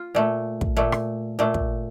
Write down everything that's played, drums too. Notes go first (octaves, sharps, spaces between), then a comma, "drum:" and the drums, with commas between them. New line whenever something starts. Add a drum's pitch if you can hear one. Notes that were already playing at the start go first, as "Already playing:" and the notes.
Already playing: F4
A#2 A3
drum: kick
A#2 A3
drum: rim click
A#2 A3
drum: kick